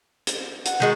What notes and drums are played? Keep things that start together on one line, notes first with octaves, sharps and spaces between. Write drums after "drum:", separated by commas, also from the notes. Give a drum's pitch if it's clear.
drum: hi-hat
F#5, drum: hi-hat
D#3 G#3 F#4